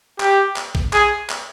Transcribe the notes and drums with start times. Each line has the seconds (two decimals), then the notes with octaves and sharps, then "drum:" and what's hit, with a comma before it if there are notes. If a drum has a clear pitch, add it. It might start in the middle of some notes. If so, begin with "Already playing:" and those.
0.20 G4, drum: clap
0.56 drum: clap
0.75 drum: kick A#1
0.93 G#4, drum: clap
1.30 drum: clap